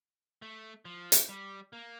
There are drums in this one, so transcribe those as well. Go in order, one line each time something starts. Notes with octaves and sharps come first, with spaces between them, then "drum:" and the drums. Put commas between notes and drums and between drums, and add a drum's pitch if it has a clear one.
A3
F3
drum: hi-hat
G3
A#3